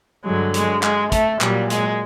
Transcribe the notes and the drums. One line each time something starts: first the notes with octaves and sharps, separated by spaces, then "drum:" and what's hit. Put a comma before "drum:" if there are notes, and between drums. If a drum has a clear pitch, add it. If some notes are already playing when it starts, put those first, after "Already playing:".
G2 D3 F#3 G#3
G#3, drum: hi-hat
G#3, drum: clap
A3, drum: kick, hi-hat
A#2 F#3 G3, drum: clap
G#3, drum: hi-hat